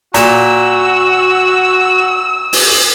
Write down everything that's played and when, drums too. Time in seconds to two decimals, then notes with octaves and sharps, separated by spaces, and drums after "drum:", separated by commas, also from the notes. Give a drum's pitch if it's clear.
0.14 A#2 F#4 E6, drum: hi-hat
2.53 drum: open hi-hat